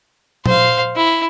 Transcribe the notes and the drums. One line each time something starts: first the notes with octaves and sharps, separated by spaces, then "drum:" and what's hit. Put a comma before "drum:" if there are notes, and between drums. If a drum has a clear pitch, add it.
C5 F5, drum: tom
E4